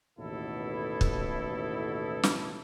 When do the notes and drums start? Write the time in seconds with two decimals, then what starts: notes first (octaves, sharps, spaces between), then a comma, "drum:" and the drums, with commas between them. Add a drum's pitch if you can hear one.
0.18 A1 D#2 B2 E4 A4
1.01 drum: kick
2.23 drum: snare